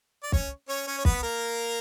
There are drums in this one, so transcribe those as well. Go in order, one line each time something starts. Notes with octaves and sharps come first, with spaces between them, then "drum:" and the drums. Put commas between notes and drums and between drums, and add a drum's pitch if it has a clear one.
D5
C#4 C#5, drum: kick
C#4 C#5
C#4 C#5
C#5
B3 B4, drum: kick
A#3 A#4